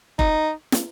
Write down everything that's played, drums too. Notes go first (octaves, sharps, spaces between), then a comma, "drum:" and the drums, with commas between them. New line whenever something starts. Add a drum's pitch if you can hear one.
D#4, drum: kick F1
drum: snare